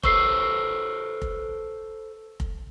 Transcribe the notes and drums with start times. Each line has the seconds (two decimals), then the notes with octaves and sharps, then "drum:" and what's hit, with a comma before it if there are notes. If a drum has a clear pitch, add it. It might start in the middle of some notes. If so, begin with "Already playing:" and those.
0.03 A4 B4 C5 C#6 E6 C7, drum: kick F1
1.22 drum: kick F1
2.40 drum: kick F1